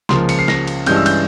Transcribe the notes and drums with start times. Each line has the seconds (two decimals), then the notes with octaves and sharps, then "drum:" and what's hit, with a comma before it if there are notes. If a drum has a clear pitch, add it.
0.09 C#2 C#3 F3 A#3 C6, drum: snare
0.29 C#7, drum: cymbal
0.39 C7
0.48 A#6, drum: snare
0.67 drum: cymbal
0.86 G2 E3 G#3 C#4 G6, drum: cymbal
0.96 E6
1.06 G6, drum: cymbal